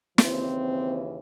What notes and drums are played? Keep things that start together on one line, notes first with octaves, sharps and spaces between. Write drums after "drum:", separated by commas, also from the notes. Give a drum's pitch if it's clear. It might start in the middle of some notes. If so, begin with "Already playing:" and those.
D#2 C#3 E3 C4, drum: snare